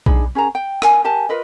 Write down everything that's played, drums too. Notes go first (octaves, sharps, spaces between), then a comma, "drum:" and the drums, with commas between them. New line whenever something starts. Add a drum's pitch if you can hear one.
D4 D#4 G#4 B5, drum: kick B1
C#4 G#4 A#4 A#5
G5
A#4 G#5, drum: rim click
G4 A#4 G#5 A5
F4 A#4 B4 D#5